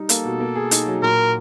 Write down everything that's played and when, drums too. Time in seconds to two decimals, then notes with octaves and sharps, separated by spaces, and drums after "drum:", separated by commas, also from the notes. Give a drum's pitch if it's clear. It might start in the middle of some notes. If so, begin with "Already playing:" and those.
Already playing: G3 D#4
0.09 A#3 A4, drum: hi-hat
0.25 B2
0.40 A#3
0.56 G#4
0.71 D#4, drum: hi-hat
0.87 F#3
1.02 A#2 A#4